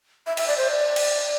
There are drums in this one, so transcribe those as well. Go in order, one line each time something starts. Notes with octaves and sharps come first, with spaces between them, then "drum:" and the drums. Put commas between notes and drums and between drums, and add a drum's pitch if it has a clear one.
E5
E5, drum: cymbal
D5
C5
D5
drum: cymbal